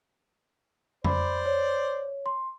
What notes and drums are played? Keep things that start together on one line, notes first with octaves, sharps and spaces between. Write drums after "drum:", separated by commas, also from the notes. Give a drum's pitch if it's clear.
C5 D5 B5, drum: tom F2
C#5
C6